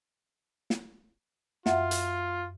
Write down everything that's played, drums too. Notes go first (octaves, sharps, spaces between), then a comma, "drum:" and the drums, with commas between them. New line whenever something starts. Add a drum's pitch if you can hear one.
drum: snare
F#2 F4 E5 F#5, drum: snare
drum: hi-hat